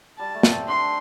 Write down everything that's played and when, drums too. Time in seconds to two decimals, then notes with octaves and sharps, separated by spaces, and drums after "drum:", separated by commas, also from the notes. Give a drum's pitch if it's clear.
0.18 G3 A5
0.35 A3
0.43 C4, drum: snare
0.68 D4 C6